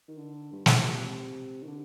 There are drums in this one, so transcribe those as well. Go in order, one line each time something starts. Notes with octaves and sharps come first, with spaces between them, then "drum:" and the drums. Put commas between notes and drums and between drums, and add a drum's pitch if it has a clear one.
D#3
D3
G2
A2, drum: snare
A#2
C3
D#3
D3